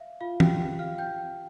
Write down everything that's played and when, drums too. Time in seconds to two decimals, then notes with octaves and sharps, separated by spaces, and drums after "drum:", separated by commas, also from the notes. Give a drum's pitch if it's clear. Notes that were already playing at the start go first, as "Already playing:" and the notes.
Already playing: E5 F5
0.21 F4 F5
0.40 G4 G5, drum: tom
0.79 F5 F6
0.98 G5 G6